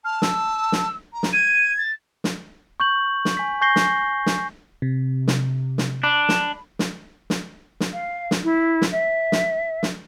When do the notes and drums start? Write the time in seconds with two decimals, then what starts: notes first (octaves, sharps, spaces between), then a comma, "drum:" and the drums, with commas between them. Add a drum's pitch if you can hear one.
0.05 A5 F6
0.22 E6, drum: snare
0.72 drum: snare
1.14 A#5
1.23 drum: snare
1.33 G#6 D#7
1.78 A6
2.24 drum: snare
2.80 C#6 G6 F#7
3.25 drum: snare
3.37 G#5 B6
3.61 G#5 C#6 G6 A#6 C7 G7
3.76 drum: snare
4.26 drum: snare
4.82 C3
5.28 drum: snare
5.78 drum: snare
6.03 D4 B5
6.29 drum: snare
6.79 drum: snare
7.30 drum: snare
7.80 drum: snare
7.93 F5
8.31 drum: snare
8.43 E4
8.82 drum: snare
8.91 E5
9.32 drum: snare
9.83 drum: snare